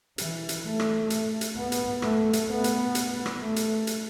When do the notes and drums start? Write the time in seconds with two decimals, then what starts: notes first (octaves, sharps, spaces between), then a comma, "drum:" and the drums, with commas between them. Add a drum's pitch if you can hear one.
0.18 E3, drum: hi-hat
0.49 drum: hi-hat
0.64 A3
0.79 drum: rim click
1.10 drum: hi-hat
1.41 drum: hi-hat
1.56 B3
1.72 drum: hi-hat
2.02 A3, drum: rim click
2.33 drum: hi-hat
2.49 B3
2.64 drum: hi-hat
2.95 drum: hi-hat
3.26 drum: rim click
3.41 A3
3.56 drum: hi-hat
3.87 drum: hi-hat